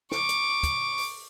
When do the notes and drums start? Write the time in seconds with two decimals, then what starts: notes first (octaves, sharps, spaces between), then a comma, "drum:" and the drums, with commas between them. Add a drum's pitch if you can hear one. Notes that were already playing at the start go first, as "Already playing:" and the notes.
0.12 C#6 D6, drum: snare
0.29 drum: hi-hat
0.63 drum: kick, hi-hat
0.98 drum: open hi-hat